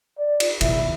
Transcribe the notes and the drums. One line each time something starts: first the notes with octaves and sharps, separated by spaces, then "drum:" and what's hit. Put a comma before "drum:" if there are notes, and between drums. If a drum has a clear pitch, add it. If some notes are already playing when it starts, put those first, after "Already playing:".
D5
drum: cymbal
B2 D#3 E4, drum: cymbal